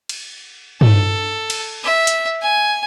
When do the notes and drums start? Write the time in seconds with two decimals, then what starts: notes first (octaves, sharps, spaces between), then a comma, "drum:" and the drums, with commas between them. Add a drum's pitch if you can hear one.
0.09 drum: cymbal
0.81 A4, drum: tom
1.50 drum: cymbal
1.83 E5
2.07 drum: hi-hat
2.42 G#5